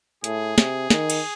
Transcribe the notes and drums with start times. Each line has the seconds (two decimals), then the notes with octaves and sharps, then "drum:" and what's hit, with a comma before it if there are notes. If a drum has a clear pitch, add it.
0.24 A2 G#4, drum: hi-hat
0.58 C3, drum: snare
0.90 D#3, drum: snare
1.10 drum: cymbal